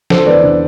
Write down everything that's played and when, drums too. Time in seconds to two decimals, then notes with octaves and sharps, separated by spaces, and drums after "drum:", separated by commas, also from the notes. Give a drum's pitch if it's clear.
0.10 D3 A4 C5, drum: snare
0.26 E2 B4 D5
0.43 D3